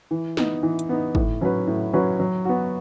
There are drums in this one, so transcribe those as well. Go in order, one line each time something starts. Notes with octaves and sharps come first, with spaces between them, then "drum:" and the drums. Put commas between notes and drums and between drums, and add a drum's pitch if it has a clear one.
E3
B3 D#4, drum: snare
E3
drum: hi-hat
B3 D#4
A2, drum: kick
F#3 C#4 F#4 B4
A2
F#3 C#4 F#4 B4
F#3
B3 F#4